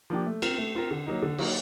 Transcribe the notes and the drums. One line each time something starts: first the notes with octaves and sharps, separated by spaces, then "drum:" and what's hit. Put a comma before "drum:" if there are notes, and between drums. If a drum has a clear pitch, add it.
F3 A#3 D4 G4
A3
C4 F4 A#4, drum: cymbal
A3
C4 F4 A#4
D3
F#3 A#3 D#4
D3
F#3 A#3 D#4, drum: cymbal